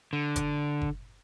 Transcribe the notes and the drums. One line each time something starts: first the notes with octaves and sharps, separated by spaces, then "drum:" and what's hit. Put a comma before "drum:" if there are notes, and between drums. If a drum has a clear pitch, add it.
D3
drum: kick F#1, hi-hat
drum: kick F#1